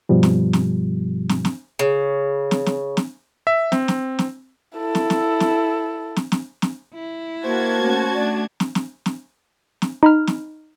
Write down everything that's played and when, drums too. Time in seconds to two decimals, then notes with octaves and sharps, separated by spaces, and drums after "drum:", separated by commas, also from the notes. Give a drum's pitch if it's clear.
0.09 G2 B2 F3 G3
0.23 drum: snare
0.53 drum: snare
1.29 drum: snare
1.45 drum: snare
1.79 C#3
2.51 drum: snare
2.66 drum: snare
2.97 drum: snare
3.47 E5
3.72 C4, drum: snare
3.88 drum: snare
4.19 drum: snare
4.78 E4 A4
4.95 drum: snare
5.10 drum: snare
5.40 drum: snare
6.16 drum: snare
6.32 drum: snare
6.62 drum: snare
6.94 E4
7.44 A#3 F#4 C5 A5 G#6
7.78 A3 C#4
8.14 A3 D4 D5
8.60 drum: snare
8.75 drum: snare
9.06 drum: snare
9.82 drum: snare
10.03 D#4 B5 F6
10.27 drum: snare